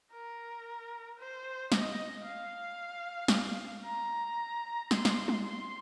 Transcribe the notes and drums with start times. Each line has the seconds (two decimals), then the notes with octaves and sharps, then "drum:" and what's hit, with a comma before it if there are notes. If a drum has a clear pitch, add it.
0.12 A#4
1.18 C5
1.72 D#5, drum: snare
2.24 F5
3.28 drum: snare
3.85 A#5
4.91 C6, drum: snare
5.05 drum: snare
5.28 drum: tom G3
5.45 C6